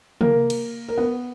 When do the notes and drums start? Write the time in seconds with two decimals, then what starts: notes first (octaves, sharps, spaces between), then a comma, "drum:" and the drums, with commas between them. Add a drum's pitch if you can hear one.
0.21 A#3 A#4, drum: tom
0.50 drum: cymbal
0.89 A#4
0.97 B3 B4